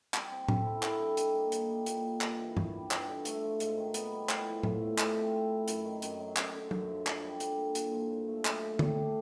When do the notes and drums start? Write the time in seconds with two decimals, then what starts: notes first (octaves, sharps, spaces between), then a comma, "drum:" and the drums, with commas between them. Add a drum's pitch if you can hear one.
0.14 G3, drum: clap
0.31 C4
0.48 A4, drum: tom A2
0.66 E4
0.83 D3, drum: clap
1.00 G3
1.17 D#4, drum: hi-hat
1.35 A#3
1.52 A#2, drum: hi-hat
1.70 G3
1.86 A#2, drum: hi-hat
2.04 A#3
2.21 G2, drum: clap
2.39 E3
2.57 B3, drum: tom G2
2.73 G3
2.91 G2, drum: clap
3.08 D3
3.25 A3, drum: hi-hat
3.43 F3
3.60 G#2, drum: hi-hat
3.77 D#3
3.94 B3, drum: hi-hat
4.12 G3
4.29 A2, drum: clap
4.46 F3
4.63 A2, drum: tom A2
4.81 A3
4.98 A3, drum: clap
5.15 C4
5.33 A4
5.50 E4
5.68 F#2, drum: hi-hat
5.85 D#3
6.02 F#2, drum: hi-hat
6.20 F#3
6.36 F#2, drum: clap
6.54 D3
6.71 F#2, drum: tom
6.89 F3
7.06 D3, drum: clap
7.23 G3
7.40 D3, drum: hi-hat
7.58 A#3
7.75 A#2, drum: hi-hat
7.92 F3
8.10 A#2
8.28 A3
8.45 F#3, drum: clap
8.62 A3
8.79 G4, drum: tom D3
8.96 D4